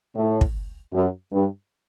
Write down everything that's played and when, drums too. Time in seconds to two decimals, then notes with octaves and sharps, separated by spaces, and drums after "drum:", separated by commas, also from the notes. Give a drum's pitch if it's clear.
0.16 A2
0.41 drum: kick
0.93 F#2
1.33 G2